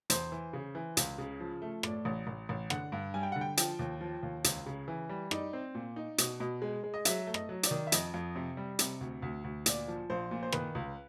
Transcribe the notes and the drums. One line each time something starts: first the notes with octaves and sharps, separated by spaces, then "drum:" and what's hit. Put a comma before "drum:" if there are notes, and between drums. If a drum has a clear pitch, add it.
E2 C5, drum: hi-hat
E3
C#3
E3
C#2, drum: hi-hat
C#3
F3
A3
A2 D5, drum: rim click
A1
A1
A1
D3 F#5, drum: rim click
G2
G3 G#5
G5
D3 F#5
G5
F3 G5, drum: hi-hat
D#2
F3
D#2
C#2, drum: hi-hat
C#3
E3
G3
D#4 D5, drum: rim click
C4
A#2
D#4
B2, drum: hi-hat
B2
G#3
G#3
D#5
F#3 E5, drum: hi-hat
A3
D#5, drum: rim click
F#3
D5, drum: hi-hat
D#3
E5
F2 D#5, drum: hi-hat
F2
C3
G3
C3, drum: hi-hat
D2
D2
D2
A#2 D5, drum: hi-hat
F3
A#1 C5
A#2
C5
D#3 B4, drum: rim click
C#2